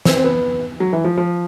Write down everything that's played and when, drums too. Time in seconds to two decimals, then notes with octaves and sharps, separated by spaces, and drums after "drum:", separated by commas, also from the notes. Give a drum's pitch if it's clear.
0.05 C4, drum: snare
0.17 C4
0.24 B3
0.80 F#3
0.93 E3
1.04 F3
1.18 F3